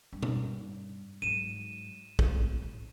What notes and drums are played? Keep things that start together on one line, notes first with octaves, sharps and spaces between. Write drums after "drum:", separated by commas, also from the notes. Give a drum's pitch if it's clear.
G2
drum: tom B2
G#2 F#3 D#7 E7
G#1 A3, drum: kick
A1